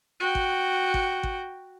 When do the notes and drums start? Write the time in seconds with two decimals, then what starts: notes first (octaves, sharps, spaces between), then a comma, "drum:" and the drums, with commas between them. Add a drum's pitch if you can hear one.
0.20 F#4 G5
0.35 drum: kick
0.94 drum: kick
1.23 drum: kick